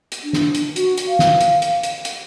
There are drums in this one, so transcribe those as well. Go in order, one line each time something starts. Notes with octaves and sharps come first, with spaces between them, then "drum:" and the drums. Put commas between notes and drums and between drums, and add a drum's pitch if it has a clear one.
drum: hi-hat
D4
drum: snare
drum: hi-hat
F#4, drum: hi-hat
drum: hi-hat
F5
drum: snare
drum: hi-hat
drum: hi-hat
drum: hi-hat
drum: hi-hat